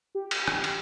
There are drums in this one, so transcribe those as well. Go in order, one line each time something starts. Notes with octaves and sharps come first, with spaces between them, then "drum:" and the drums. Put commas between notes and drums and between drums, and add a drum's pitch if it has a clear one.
G4
drum: cymbal
drum: rim click
drum: cymbal